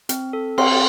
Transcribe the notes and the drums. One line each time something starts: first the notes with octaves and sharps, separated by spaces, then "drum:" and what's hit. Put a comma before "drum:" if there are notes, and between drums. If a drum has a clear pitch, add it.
C4, drum: hi-hat
A4
C4 C6, drum: cymbal